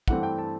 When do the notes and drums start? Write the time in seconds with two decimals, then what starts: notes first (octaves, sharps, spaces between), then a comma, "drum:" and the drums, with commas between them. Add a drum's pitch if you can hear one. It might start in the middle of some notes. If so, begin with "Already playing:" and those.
0.08 G2 E3 A3 C4 F#5, drum: kick
0.23 G5
0.38 A5